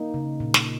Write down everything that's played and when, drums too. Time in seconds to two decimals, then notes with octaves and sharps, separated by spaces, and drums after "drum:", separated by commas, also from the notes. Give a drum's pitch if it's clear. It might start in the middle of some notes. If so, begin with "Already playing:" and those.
Already playing: A#3 D#4
0.14 C#3
0.40 A#2
0.54 drum: snare